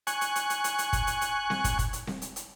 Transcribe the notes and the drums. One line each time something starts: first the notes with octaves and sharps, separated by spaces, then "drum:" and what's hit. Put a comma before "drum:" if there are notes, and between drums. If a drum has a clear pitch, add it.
G#5 C#6 F#6, drum: hi-hat
drum: hi-hat
drum: hi-hat
drum: hi-hat
drum: hi-hat
drum: hi-hat
drum: kick, hi-hat
drum: hi-hat
drum: hi-hat
drum: snare C4
drum: kick, hi-hat
drum: kick, hi-hat
drum: hi-hat
drum: snare C4
drum: hi-hat
drum: hi-hat